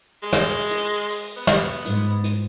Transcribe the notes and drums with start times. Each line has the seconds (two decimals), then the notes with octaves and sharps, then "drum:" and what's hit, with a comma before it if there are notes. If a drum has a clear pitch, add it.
0.23 G#3
0.33 drum: snare
0.71 drum: hi-hat
1.09 drum: open hi-hat
1.37 B3
1.47 drum: snare
1.85 G#2, drum: hi-hat
2.24 drum: hi-hat